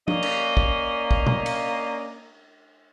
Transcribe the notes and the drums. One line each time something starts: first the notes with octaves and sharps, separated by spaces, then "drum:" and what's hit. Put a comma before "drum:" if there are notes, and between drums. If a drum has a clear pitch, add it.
A#3 C#4 D5 D#5 F5, drum: tom F3
drum: cymbal
drum: kick
drum: kick
drum: tom A#2
drum: cymbal